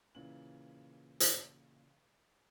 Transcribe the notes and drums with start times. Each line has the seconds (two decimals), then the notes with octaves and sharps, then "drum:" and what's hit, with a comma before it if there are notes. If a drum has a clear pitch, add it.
0.15 A#2 C#3 E3 F#7
1.20 drum: hi-hat